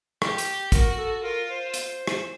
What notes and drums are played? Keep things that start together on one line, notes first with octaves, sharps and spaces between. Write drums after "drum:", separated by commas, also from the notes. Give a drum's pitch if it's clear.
G4, drum: rim click
drum: hi-hat
F#4 A#4, drum: kick, hi-hat
A4
F4 A#4
C5
drum: hi-hat
drum: rim click